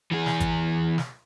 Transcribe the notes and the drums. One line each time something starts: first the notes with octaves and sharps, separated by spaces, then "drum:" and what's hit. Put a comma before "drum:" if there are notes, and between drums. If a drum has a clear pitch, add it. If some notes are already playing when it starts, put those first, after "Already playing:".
E3 G#4
drum: snare
drum: kick, hi-hat
drum: snare